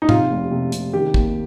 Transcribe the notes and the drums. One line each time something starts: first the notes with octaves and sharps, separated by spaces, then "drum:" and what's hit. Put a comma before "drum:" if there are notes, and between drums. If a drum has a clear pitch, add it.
D#4
C3 F4, drum: tom G#2
F1
C3
C3, drum: hi-hat
D#3 G4
D#2, drum: kick